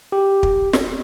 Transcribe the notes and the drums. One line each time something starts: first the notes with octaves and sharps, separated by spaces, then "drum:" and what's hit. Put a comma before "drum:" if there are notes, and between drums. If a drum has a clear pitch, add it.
G4
drum: kick
drum: snare